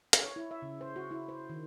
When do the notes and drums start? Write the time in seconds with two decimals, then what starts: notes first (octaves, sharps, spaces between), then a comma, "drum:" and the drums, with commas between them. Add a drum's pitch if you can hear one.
0.13 drum: hi-hat
0.23 C#5
0.36 E4
0.51 E5
0.62 C#3
0.81 C5
0.96 F#4
1.11 E4
1.28 C5
1.49 D#3